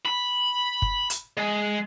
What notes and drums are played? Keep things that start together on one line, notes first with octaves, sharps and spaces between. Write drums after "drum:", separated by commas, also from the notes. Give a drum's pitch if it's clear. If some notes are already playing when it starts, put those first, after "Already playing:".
B5
drum: kick G1
drum: hi-hat
G#3